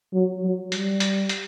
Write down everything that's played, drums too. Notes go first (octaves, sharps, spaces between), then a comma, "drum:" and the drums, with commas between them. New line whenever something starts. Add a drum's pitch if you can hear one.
F#3
F#3
G3, drum: hi-hat
drum: hi-hat
drum: hi-hat